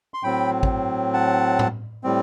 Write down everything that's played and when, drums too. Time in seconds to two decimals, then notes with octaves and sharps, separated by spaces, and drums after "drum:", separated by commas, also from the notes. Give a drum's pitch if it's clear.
0.14 C6
0.23 A2 F#3 C4 G5 B5
0.63 drum: kick
1.13 F#5 A5
1.59 drum: tom A2
2.04 A2 G3 C4